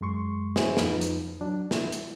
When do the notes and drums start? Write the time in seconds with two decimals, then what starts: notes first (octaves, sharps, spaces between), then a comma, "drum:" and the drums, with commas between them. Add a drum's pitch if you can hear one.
0.01 F#2 G#3 C6 C#6
0.56 C#4 E4 F#4 G#4 C5, drum: snare
0.77 F2 F3 D#4 B4, drum: snare
1.01 drum: hi-hat
1.41 F#3 D4
1.71 E4, drum: snare
1.92 drum: hi-hat